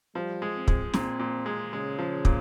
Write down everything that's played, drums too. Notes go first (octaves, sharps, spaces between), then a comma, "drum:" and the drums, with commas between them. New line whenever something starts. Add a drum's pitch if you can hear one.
F3 G3
G#3
C4
G#3, drum: kick
A#2 C4, drum: snare
A#2
G#3
C#3 G#3
F3
A#2, drum: kick